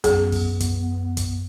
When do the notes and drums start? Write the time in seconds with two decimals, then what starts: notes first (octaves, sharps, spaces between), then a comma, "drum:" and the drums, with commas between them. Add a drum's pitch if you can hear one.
0.04 F#2 B3 G#4, drum: kick, hi-hat
0.32 drum: kick, open hi-hat
0.60 drum: kick, hi-hat
1.17 drum: kick, hi-hat